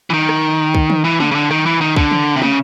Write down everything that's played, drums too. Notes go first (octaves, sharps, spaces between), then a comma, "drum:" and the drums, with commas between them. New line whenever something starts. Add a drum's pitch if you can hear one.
E3
D#3
drum: rim click
drum: kick
drum: tom D#3
E3
D3, drum: tom
C#3
D3
D#3, drum: rim click
E3
D#3
D3, drum: kick
drum: tom D#3
C3
C#3, drum: tom